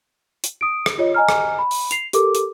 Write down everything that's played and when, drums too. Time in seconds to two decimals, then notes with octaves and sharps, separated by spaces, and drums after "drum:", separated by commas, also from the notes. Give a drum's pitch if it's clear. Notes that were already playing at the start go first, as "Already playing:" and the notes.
0.44 drum: hi-hat
0.61 D#6 D7
0.86 drum: rim click
0.98 F4 C#5 D#5
1.15 D#5 G#5 A#5 F6
1.29 drum: rim click
1.59 B5
1.71 drum: open hi-hat
1.91 C7 F7, drum: hi-hat
2.13 G4 A4 A#4 D6, drum: hi-hat
2.35 drum: hi-hat